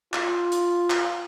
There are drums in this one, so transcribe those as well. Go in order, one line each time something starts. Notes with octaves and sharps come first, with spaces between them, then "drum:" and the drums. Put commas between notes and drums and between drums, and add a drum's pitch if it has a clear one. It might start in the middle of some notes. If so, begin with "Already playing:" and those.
F4, drum: clap
drum: hi-hat
drum: clap